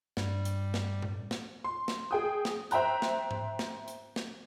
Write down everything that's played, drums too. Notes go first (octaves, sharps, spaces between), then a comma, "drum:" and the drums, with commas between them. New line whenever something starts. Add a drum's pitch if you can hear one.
G2 G3, drum: snare
drum: hi-hat
drum: snare
drum: tom A2
drum: snare
C6
drum: snare
G#4 G5 D#6
drum: snare
C5 E5 G5 A#5 F#6, drum: hi-hat
drum: snare
drum: tom G#2
drum: snare
drum: hi-hat
drum: snare